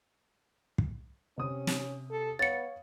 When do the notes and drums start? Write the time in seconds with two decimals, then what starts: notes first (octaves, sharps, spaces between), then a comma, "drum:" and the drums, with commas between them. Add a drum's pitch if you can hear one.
0.78 drum: kick
1.38 C3 C#4 D#6
1.67 drum: snare
2.11 A4
2.39 B3 C#5 F5 A6 C#7